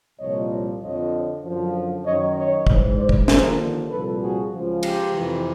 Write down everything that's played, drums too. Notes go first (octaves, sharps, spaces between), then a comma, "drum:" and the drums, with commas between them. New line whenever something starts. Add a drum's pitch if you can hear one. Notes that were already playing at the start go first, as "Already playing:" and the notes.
C2 A#2 F3 C#5 D#5
F2 D3 F3 C#5 D#5
F#2 D3 F3
F#2 D#3 C#5 D#5
C#5 D#5
G#2 E3, drum: kick
C5 D5
drum: kick
D#2 D3 F3 A#4 C5, drum: snare
C2 A#2 F3 A4 B4
F#4 G#4
C#2 C#3 F3
F4 G4, drum: cymbal
F2 C3 E3